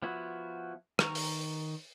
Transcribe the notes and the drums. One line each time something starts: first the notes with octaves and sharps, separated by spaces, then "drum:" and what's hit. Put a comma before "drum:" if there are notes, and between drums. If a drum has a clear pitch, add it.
F3 B3 E4 F#4
D#3 A#5 C#6, drum: rim click
drum: open hi-hat